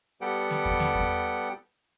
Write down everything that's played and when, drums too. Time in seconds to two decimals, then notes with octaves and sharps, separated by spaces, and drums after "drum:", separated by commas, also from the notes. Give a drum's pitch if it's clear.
0.21 G3 B3 G4 A4 F#5 G5
0.51 drum: snare
0.65 drum: kick E2
0.80 drum: snare
0.95 drum: kick E2